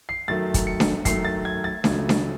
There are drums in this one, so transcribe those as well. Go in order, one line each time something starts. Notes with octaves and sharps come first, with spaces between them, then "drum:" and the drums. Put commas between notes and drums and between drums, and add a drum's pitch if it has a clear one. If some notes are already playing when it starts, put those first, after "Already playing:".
C7
F#2 D#3 F#3 A3 A6
drum: kick, hi-hat
C#7
drum: snare D4
F#2 D#3 F#3 A3 C7, drum: kick, hi-hat
A6
G#6
A6
C#2 C#3 F#3 A3, drum: snare D4
drum: snare D4